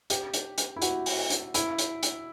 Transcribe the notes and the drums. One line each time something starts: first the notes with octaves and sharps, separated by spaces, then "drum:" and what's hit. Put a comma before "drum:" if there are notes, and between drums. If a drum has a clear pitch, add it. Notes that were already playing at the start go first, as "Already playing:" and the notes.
G4, drum: hi-hat
drum: hi-hat
drum: hi-hat
E4
F#4, drum: hi-hat
drum: open hi-hat
drum: hi-hat
E4, drum: hi-hat
drum: hi-hat
drum: hi-hat